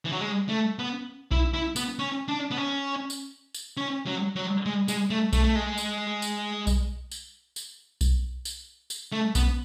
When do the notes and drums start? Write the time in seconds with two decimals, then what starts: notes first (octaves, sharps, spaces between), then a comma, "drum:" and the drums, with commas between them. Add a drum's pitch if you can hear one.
0.05 E3
0.12 F#3
0.20 G#3
0.49 A3
0.79 B3
1.31 E4, drum: kick B1
1.53 E4
1.76 B3, drum: tambourine
1.99 C#4
2.28 D4
2.51 B3
2.57 C#4
3.10 drum: tambourine
3.54 drum: tambourine
3.77 C#4
4.06 F#3
4.36 F#3
4.66 G#3
4.88 G#3, drum: tambourine
5.10 A3
5.33 A3, drum: kick B1, tambourine
5.44 A3
5.55 G#3
5.78 drum: tambourine
6.22 drum: tambourine
6.67 drum: kick B1, tambourine
7.12 drum: tambourine
7.56 drum: tambourine
8.01 drum: kick B1, tambourine
8.45 drum: tambourine
8.90 drum: tambourine
9.12 A3
9.35 B3, drum: kick B1, tambourine